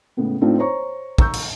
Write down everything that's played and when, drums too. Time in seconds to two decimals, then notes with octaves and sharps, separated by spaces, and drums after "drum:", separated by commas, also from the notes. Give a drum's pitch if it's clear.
0.17 A2 C#3 G#3 B3
0.41 A2 C4 D4 D#4 F4
0.58 C5 C#5 A#5 C#6
1.18 A#5 C#6 E6 G6, drum: kick
1.34 drum: cymbal